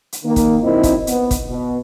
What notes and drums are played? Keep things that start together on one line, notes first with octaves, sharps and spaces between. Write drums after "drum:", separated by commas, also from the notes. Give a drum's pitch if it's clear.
drum: hi-hat
D#3 A#3
drum: kick, hi-hat
F#2 A#2 D#3 C4 E4 D#5
drum: kick, hi-hat
B3, drum: hi-hat
drum: kick, hi-hat
B2